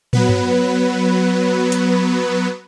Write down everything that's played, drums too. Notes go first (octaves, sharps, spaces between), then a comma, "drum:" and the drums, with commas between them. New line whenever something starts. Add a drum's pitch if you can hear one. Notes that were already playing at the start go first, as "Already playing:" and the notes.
F#3 B3 B4, drum: tom
drum: tom
drum: hi-hat